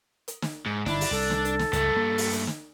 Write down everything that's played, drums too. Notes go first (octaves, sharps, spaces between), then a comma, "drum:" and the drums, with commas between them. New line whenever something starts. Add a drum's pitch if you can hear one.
drum: hi-hat
drum: snare
G#2
G1 D3 D#3 D4 E4, drum: snare
drum: open hi-hat
C2 A4
drum: snare
drum: hi-hat
drum: snare
C#2 G2 A3, drum: hi-hat
A#3
drum: open hi-hat
drum: hi-hat
drum: snare